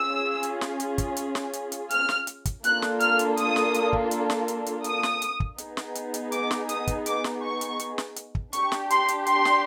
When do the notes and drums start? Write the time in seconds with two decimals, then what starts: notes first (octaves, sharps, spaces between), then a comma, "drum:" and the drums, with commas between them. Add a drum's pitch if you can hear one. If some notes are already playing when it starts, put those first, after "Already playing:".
Already playing: C#4 F4 G#4 E6
0.43 drum: hi-hat
0.61 drum: snare
0.80 drum: hi-hat
0.98 drum: kick, hi-hat
1.17 drum: hi-hat
1.35 drum: snare
1.53 drum: hi-hat
1.72 drum: hi-hat
1.90 F6, drum: hi-hat
2.09 drum: snare
2.27 drum: hi-hat
2.45 drum: kick, hi-hat
2.64 A#3 D4 F4 A4 F#6, drum: hi-hat
2.82 drum: snare
3.00 F6, drum: hi-hat
3.19 drum: hi-hat
3.37 D#6, drum: hi-hat
3.56 drum: snare
3.74 drum: hi-hat
3.93 drum: kick
4.11 drum: hi-hat
4.30 drum: snare
4.48 drum: hi-hat
4.66 drum: hi-hat
4.84 D#6, drum: hi-hat
5.03 drum: snare
5.22 drum: hi-hat
5.40 drum: kick
5.58 B3 D#4 G#4, drum: hi-hat
5.77 drum: snare
5.95 drum: hi-hat
6.14 drum: hi-hat
6.32 D6, drum: hi-hat
6.51 drum: snare
6.69 D#6, drum: hi-hat
6.87 drum: kick, hi-hat
7.06 D6, drum: hi-hat
7.24 drum: snare
7.42 C#6
7.61 drum: hi-hat
7.80 drum: hi-hat
7.98 drum: snare
8.16 drum: hi-hat
8.35 drum: kick
8.53 D4 G4 C#6, drum: hi-hat
8.72 drum: snare
8.90 C6, drum: hi-hat
9.08 drum: hi-hat
9.26 C6, drum: hi-hat
9.45 drum: snare